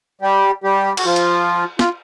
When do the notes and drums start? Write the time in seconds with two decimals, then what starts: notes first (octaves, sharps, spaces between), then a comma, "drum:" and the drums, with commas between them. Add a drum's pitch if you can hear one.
0.21 G3 G4
0.64 G3 G4
0.97 F#4, drum: cymbal
1.05 F3 F4
1.16 drum: hi-hat
1.79 F4, drum: snare